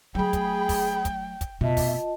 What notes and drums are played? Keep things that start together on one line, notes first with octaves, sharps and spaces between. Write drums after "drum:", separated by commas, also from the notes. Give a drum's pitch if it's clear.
F#3 A3 G#4 G5 B5
drum: kick, hi-hat
drum: kick, open hi-hat
drum: kick, hi-hat
drum: kick, hi-hat
F1 B2 F4 D#5 E5 A5
drum: kick, open hi-hat